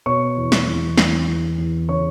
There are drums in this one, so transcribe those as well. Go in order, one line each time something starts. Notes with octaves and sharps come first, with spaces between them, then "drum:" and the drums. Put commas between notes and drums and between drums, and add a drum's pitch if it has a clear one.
B2 C#5 C#6
E2
drum: snare
E2
E2, drum: snare
E2
E2
C#3 C#5 C#6